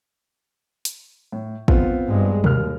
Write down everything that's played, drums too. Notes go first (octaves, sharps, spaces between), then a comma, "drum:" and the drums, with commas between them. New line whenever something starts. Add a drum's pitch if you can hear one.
drum: hi-hat
A2
B3 C4 F4, drum: kick
G2 G#3
D#2 A#4 F6, drum: tom B2